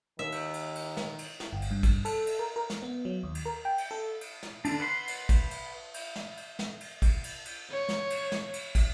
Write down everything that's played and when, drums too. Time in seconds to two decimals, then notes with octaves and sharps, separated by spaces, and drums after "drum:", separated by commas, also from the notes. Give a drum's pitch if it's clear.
0.19 D#2 D#3 E5
0.32 drum: cymbal
0.54 drum: cymbal
0.75 drum: cymbal
0.97 drum: snare
1.18 drum: cymbal
1.40 drum: snare
1.53 G1
1.62 drum: cymbal
1.71 G2
1.83 drum: kick, cymbal
2.05 A4, drum: cymbal
2.27 drum: cymbal
2.39 A#4
2.56 A#4
2.70 drum: snare
2.82 B3
3.05 F#3
3.23 D#2
3.35 drum: cymbal
3.45 A#4
3.65 G5
3.78 drum: cymbal
3.91 A4
4.21 drum: cymbal
4.43 drum: snare
4.65 D3 D4, drum: cymbal
4.80 B4 F#5 C6
5.08 drum: cymbal
5.29 drum: kick, cymbal
5.51 drum: cymbal
5.94 drum: cymbal
6.16 drum: snare
6.37 drum: cymbal
6.59 drum: snare
6.80 drum: cymbal
7.02 drum: kick, cymbal
7.24 drum: cymbal
7.45 drum: cymbal
7.70 C#5
7.89 drum: snare
8.10 drum: cymbal
8.32 drum: snare
8.53 drum: cymbal
8.75 drum: kick, cymbal